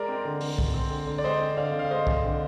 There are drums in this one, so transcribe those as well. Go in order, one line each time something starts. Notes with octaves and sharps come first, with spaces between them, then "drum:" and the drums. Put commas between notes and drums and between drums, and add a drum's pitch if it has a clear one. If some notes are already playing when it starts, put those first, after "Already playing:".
Already playing: G#3 A#4 D5
C4
D3
D3, drum: open hi-hat
G#3, drum: kick
C4
D3
D3
D5
G#3 C5 D#5
C4
D3 D5 F5
D3
F5
G#3 C5 D#5
C4, drum: kick
D3